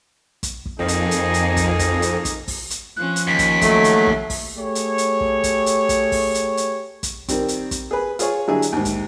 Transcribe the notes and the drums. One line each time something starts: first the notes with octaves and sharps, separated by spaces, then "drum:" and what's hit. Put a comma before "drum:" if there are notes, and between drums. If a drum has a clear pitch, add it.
drum: kick, hi-hat
drum: kick
F2 A#3 D#4 G#4
drum: hi-hat
drum: hi-hat
drum: hi-hat
drum: kick, hi-hat
drum: kick, hi-hat
drum: hi-hat
drum: kick, hi-hat
drum: kick, open hi-hat
drum: hi-hat
F3 C#4 F#6
drum: hi-hat
D#2 B6
drum: kick, hi-hat
F#3 A3, drum: kick, hi-hat
drum: hi-hat
drum: kick
drum: kick, open hi-hat
A3 G4 G#4 C#5
drum: hi-hat
drum: hi-hat
drum: kick
drum: kick, hi-hat
drum: hi-hat
drum: kick, hi-hat
drum: kick, open hi-hat
drum: hi-hat
drum: hi-hat
drum: kick, hi-hat
D#3 G3 C4, drum: kick, hi-hat
drum: hi-hat
drum: kick, hi-hat
G#4 B4
F4 G#4 C#5, drum: hi-hat
D3 F#3 G3 E4 G#4
drum: hi-hat
D#2 G#2
drum: kick, hi-hat